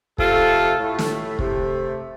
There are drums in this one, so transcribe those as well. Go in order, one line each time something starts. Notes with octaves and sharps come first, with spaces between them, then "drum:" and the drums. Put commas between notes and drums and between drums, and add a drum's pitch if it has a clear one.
C3 A3 F4 A4, drum: kick
A2 A3
drum: snare
C3 A3, drum: kick